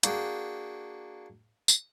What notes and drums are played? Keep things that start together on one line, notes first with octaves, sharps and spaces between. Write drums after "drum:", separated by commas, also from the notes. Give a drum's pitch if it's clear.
A#3 D4 F#4 G#4 G5, drum: hi-hat
drum: tambourine